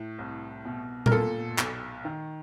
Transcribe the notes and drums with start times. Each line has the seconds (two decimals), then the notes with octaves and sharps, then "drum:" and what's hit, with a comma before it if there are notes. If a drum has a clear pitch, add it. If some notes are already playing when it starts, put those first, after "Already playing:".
Already playing: A2
0.19 C2
0.65 B2
1.06 A#4, drum: tom A#2
1.12 A#2 A4
1.58 B1, drum: clap
2.05 D#3